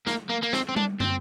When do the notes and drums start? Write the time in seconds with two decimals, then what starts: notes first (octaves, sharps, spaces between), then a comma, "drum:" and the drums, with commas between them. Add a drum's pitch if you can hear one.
0.07 A#3, drum: snare
0.30 A#3
0.43 A#3
0.53 C4, drum: snare
0.69 C4
0.76 D4, drum: tom G3
1.00 C4, drum: tom